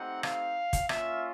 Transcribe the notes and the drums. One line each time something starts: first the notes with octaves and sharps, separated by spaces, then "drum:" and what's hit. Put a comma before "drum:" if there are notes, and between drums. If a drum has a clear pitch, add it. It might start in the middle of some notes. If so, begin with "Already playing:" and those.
Already playing: A3 C4 D#4 G4 F#5
F5, drum: rim click
drum: kick, hi-hat
A#3 C#4 F4 E5, drum: rim click